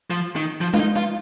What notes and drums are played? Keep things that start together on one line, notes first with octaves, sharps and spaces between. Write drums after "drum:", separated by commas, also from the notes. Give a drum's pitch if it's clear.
F3
D#3
F3
F4, drum: tom G#3
D#4
F4